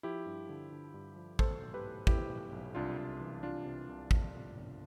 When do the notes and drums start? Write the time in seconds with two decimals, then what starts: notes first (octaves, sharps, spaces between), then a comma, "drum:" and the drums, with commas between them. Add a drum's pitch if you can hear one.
0.03 F3 E4 G4
0.26 G2
0.49 D3
0.71 D3
0.94 G2
1.16 F3
1.39 B1 A4 C5, drum: kick
1.61 B1
1.74 G4 B4
1.85 A2
2.07 A2 E4 G4, drum: kick
2.29 B1
2.53 B1
2.75 C2 D4 F4
2.98 C2
3.20 E3
3.43 C2 D4 F4
3.65 C3
3.89 C2
4.11 F2, drum: kick
4.34 F2
4.57 G1